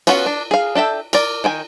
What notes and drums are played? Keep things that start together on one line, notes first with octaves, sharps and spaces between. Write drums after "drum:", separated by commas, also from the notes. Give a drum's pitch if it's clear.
B3 C#4 F4 F#4 F#5, drum: cymbal
D4
G#4 F5
D4 A4 E5 G5
A#4 D5, drum: cymbal
D#3 G5 G#5